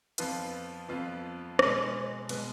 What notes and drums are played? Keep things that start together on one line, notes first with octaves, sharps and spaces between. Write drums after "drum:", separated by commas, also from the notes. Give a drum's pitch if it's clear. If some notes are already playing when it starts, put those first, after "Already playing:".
F2 F3 B3 F4 B4, drum: hi-hat
F2 F3 B3 F4 B4
B2 G#3 B3, drum: rim click
B2 G#3 B3, drum: cymbal